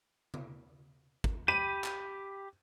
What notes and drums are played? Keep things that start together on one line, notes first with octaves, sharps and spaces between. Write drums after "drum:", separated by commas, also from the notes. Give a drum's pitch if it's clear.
drum: tom C#3
drum: kick
G4 B5 D#7
drum: clap